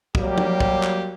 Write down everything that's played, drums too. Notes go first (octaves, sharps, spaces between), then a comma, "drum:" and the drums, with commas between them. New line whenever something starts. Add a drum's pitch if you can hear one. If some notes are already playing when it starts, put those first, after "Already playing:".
F#3 G3 A#3 G4, drum: kick
drum: tom F3
drum: kick
drum: clap